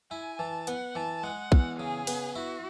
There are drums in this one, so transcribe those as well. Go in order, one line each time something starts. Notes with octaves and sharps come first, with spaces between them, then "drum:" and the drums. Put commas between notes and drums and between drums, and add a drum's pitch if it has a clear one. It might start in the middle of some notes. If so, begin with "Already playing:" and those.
E4 G#5
E3 A5
B3 F#5, drum: hi-hat
E3 A5
G#3 F#5
E2, drum: kick
C#3 G#4
B3, drum: cymbal
E4 F#4